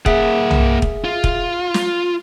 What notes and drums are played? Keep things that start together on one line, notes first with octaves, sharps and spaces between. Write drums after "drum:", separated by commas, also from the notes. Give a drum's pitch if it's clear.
A#3 G#4 E5 F#5, drum: kick
drum: tom
drum: kick
F4
drum: kick
drum: snare